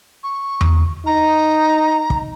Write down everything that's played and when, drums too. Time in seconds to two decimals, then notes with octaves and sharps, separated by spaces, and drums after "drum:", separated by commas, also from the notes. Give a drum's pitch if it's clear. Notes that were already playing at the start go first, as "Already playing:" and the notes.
0.23 C#6
0.61 drum: tom E2
1.06 D#4 A#5
2.10 drum: kick